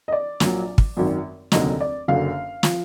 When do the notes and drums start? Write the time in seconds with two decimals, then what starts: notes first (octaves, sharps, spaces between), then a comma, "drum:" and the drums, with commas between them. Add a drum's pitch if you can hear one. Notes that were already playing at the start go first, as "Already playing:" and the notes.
0.08 D#5
0.12 D5
0.40 A#1 A#2 F#3, drum: snare
0.78 drum: kick
0.97 G#1 F#2 D#3
1.52 F1 D#2 D3 F#3 D#5, drum: snare
1.81 D5
2.08 F#1 F#2 D3 F5
2.63 F3, drum: snare